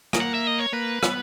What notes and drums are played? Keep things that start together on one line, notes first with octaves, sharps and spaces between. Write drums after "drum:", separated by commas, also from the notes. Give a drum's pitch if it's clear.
A#3, drum: rim click
F#5
E5
D#5
C#5
A#3 B4
B3, drum: rim click